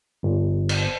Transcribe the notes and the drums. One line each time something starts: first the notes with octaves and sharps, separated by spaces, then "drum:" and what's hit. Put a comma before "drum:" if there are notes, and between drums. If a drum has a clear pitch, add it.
G1
drum: cymbal